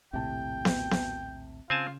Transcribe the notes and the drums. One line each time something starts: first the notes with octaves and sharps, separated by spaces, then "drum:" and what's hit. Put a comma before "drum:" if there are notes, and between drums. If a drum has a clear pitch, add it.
A#1 D#2 A2 C3 G5 A5
drum: snare B3
drum: snare B3
C#3 C4 F4 G#5 A5